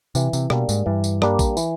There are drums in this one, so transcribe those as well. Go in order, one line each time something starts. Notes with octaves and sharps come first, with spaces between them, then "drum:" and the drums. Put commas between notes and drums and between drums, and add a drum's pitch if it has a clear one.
C3 E3, drum: tambourine
C3, drum: tambourine
B2 G3 A#3 D4, drum: rim click
G#2, drum: tambourine
G2 E3
drum: tambourine
G3 A#3 D4, drum: rim click
drum: kick A#1, tambourine
E3, drum: tambourine